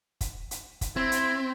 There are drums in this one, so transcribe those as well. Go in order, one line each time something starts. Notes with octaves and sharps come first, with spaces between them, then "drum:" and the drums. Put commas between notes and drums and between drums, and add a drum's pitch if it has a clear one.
drum: kick, hi-hat
drum: hi-hat
drum: kick, hi-hat
C4 E4
drum: hi-hat